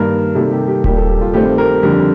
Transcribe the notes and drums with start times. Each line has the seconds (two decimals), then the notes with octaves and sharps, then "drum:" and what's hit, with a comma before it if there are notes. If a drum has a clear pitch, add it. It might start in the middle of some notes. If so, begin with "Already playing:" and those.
Already playing: G2 D#3 A#3 A#4
0.35 C3 D#3 G3 A#3 A4
0.52 G4
0.68 G4
0.84 A#2 G3 A#3 G4, drum: kick D#1
0.96 A4
1.09 G4
1.21 F4
1.34 G2 D#3 A3 C4 G4
1.58 A#4
1.82 F2 D3 G3 A#4